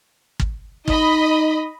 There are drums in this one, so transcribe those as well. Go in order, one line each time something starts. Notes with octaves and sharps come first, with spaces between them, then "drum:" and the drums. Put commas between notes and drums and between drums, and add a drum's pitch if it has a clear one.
drum: kick
D#4 D#5 B5, drum: kick